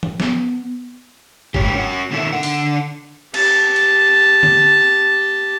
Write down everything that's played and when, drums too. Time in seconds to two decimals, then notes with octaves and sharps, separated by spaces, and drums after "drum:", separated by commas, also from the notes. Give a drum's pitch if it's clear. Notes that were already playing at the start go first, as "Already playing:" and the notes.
0.03 drum: tom E3
0.20 B3, drum: snare
1.54 G#2 C#3 G3 A#3 C#4 G4, drum: kick
1.75 C#4 F#4
2.11 B2 D#3 A#3 E4 A4 E5
2.33 D3 F#5
2.43 drum: open hi-hat
3.34 G4 A5, drum: cymbal
3.76 drum: cymbal
4.43 drum: tom D3